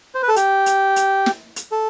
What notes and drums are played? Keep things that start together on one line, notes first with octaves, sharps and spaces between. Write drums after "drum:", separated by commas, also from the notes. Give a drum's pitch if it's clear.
C5
B4
A4
G4, drum: hi-hat
drum: hi-hat
drum: hi-hat
drum: snare
drum: hi-hat
A4